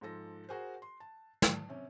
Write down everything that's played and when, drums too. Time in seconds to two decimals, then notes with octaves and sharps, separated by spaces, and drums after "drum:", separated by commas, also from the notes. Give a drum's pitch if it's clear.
0.01 G#2 F3 A4 A#6
0.49 F#4 G#4 A#4 C5
0.82 C6
1.00 A5
1.42 A5, drum: snare
1.69 C3 C#4